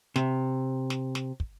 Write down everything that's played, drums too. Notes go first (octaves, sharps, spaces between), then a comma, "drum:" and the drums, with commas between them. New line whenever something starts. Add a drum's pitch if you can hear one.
C3, drum: snare
drum: snare
drum: snare
drum: kick